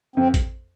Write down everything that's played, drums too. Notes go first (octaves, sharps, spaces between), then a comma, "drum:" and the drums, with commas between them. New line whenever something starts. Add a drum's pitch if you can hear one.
F2 C4
drum: kick, hi-hat